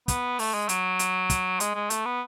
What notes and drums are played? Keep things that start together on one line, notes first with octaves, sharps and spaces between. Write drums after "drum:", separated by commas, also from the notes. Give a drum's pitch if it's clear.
B3, drum: kick, hi-hat
A3, drum: open hi-hat
G#3
F#3, drum: hi-hat
drum: hi-hat
drum: kick, hi-hat
G#3, drum: hi-hat
G#3
A3, drum: hi-hat
B3